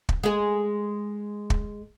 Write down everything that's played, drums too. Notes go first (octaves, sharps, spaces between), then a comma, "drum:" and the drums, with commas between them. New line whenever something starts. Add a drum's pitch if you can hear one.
drum: kick
G#3 G#4
drum: kick